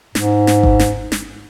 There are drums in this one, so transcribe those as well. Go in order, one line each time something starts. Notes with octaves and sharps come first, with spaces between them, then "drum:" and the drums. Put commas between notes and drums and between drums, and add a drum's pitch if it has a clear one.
G#2, drum: snare
drum: snare
drum: kick G#1
drum: snare
drum: snare